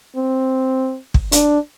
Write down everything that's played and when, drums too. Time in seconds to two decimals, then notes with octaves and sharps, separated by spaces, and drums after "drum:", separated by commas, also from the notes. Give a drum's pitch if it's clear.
0.16 C4
1.14 drum: kick
1.32 D4, drum: hi-hat